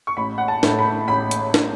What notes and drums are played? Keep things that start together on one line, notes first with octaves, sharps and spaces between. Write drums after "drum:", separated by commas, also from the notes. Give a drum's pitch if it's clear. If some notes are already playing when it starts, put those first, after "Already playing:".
C#6
A1 B5
F#5
A5
A2 A3 E4, drum: snare
B5
A1 B5
drum: hi-hat
drum: snare